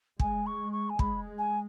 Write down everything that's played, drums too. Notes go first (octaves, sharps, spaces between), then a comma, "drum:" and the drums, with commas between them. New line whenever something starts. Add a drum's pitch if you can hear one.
G#3 G#5, drum: kick
C#6
C#6
G#5
G#3 B5, drum: kick
G#5